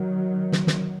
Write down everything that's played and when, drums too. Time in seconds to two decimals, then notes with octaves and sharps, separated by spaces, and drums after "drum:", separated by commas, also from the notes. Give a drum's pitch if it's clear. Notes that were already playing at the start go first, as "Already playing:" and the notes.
Already playing: D#3 F#3
0.52 drum: snare
0.67 drum: snare